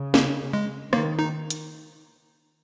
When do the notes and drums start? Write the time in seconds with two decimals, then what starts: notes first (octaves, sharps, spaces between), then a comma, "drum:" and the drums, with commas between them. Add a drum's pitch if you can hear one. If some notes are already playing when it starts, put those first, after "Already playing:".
Already playing: C#3
0.14 A#3, drum: snare
0.53 G#3
0.93 D#3 A#3, drum: rim click
1.19 D#4
1.50 drum: hi-hat